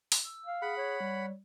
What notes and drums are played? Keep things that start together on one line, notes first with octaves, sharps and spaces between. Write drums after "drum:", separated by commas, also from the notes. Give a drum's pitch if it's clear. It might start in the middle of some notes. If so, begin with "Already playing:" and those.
drum: open hi-hat
E6
F5
G#4 F#5 B5
C#5
G3